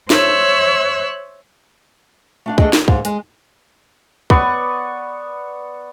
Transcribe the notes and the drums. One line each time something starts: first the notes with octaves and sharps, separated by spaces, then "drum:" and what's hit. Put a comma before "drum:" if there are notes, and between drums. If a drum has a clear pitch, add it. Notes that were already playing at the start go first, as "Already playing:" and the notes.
C5 C#5 E5 E6 F#6, drum: snare
A3 D4 F5
A3 D4 G#4 A4 D#5 G5, drum: kick
D2, drum: snare
G#2 F5, drum: kick
G#3, drum: hi-hat
B3 B4 D5 C#6, drum: kick